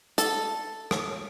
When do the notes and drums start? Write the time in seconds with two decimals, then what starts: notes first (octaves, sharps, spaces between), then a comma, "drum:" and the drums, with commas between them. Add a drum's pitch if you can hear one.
0.18 A4, drum: hi-hat
0.91 drum: rim click